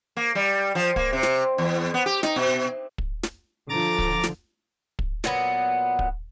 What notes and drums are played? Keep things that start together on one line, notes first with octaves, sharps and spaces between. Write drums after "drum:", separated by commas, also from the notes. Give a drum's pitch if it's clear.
A#3
G3
F3
A#3, drum: kick
C3
drum: snare
E2
B3
G4
D#4, drum: snare
B2
drum: kick
drum: snare
D3 F3 A#5 D6 A6
drum: kick
drum: snare
drum: kick
A#2 F#3 B3, drum: snare
drum: kick